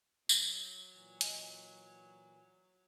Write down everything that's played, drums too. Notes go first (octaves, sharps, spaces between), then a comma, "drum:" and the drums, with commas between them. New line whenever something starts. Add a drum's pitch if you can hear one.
F#3, drum: tambourine
A#2 E3
D#5 G#5, drum: hi-hat